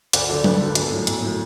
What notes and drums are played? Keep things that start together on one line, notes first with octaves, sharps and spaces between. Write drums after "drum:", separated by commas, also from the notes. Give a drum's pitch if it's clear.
D2 D5 F#5, drum: hi-hat
D3 F#3 A4 D5
D2 B4, drum: tom F#3
D3 F#3 A4
B1, drum: hi-hat
A4
A2 F#3
B1, drum: hi-hat
A2 F#3